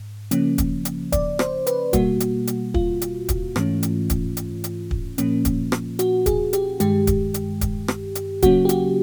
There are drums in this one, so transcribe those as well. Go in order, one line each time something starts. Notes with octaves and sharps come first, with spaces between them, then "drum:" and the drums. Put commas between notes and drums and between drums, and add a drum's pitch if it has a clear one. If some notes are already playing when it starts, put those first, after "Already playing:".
Already playing: G#2
C#3 F3 A#3 C#4, drum: hi-hat
drum: kick, hi-hat
drum: hi-hat
D5, drum: kick, hi-hat
C5, drum: rim click
B4, drum: hi-hat
B2 G3 A#3 F#4, drum: kick, hi-hat
drum: hi-hat
drum: hi-hat
F4, drum: kick
drum: hi-hat
drum: kick, hi-hat
G#2 E3 A3 C#4, drum: rim click
drum: hi-hat
drum: kick, hi-hat
drum: hi-hat
drum: hi-hat
drum: kick
A#2 F3 A#3 C#4, drum: hi-hat
drum: kick, hi-hat
drum: rim click
F#4, drum: hi-hat
G#4, drum: kick, hi-hat
G4, drum: hi-hat
G2 D#3 G#3 G4, drum: hi-hat
drum: kick, hi-hat
drum: hi-hat
drum: kick, hi-hat
drum: rim click
drum: hi-hat
C#3 F#3 A#3 C#4 F#4, drum: kick, hi-hat
G4
F#4, drum: hi-hat